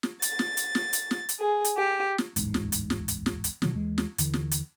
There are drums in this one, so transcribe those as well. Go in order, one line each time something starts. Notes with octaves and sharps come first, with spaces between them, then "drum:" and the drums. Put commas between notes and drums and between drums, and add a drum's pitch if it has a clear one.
drum: snare
A6, drum: hi-hat
drum: snare
drum: hi-hat
drum: snare
drum: hi-hat
drum: snare
drum: hi-hat
G#4
drum: hi-hat
G4
drum: snare
D1 A1 E2 G#2, drum: hi-hat
drum: snare
drum: hi-hat
drum: snare
drum: hi-hat
drum: snare
drum: hi-hat
B2 D#3 F#3, drum: snare
D#2 E3 G#3
drum: snare
D#2 D3 E3, drum: hi-hat
drum: snare
drum: hi-hat